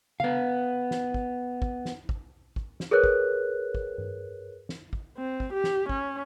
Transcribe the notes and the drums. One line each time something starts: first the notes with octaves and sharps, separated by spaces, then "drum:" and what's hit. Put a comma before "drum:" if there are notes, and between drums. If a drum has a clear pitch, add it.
B3 F5, drum: tom C#3
drum: snare
drum: kick
drum: kick
drum: snare
drum: kick
drum: kick
drum: snare
G#4 A#4 B4 C#5 F#6
drum: kick
drum: kick
drum: tom G2
drum: snare
drum: kick
C4
drum: kick
G4
drum: snare
C#4, drum: kick